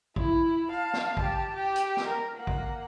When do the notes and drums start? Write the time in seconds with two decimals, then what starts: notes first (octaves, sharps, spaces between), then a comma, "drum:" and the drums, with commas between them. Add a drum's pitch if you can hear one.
0.16 E4, drum: kick
0.71 F5 A5
0.93 drum: snare
1.17 G4 A5, drum: kick
1.54 G4
1.76 drum: hi-hat
1.97 drum: snare
2.07 A#4
2.37 A#3 F#5
2.47 drum: kick